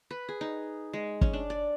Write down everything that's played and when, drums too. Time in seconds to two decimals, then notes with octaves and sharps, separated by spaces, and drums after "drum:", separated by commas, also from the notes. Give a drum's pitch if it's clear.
0.11 B4
0.29 G#4
0.41 D#4
0.93 G#3
1.21 C#4, drum: kick
1.33 D4
1.50 D5